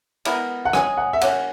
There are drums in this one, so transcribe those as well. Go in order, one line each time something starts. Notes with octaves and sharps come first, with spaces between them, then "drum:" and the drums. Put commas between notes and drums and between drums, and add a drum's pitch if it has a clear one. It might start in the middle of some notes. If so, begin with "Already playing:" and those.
G#3 B3 E4 A#4, drum: cymbal
F#5
G#3 C#4 G#4 G#5, drum: rim click
F#5
E5
F#3 A#3 C#4 F#4 F#5, drum: cymbal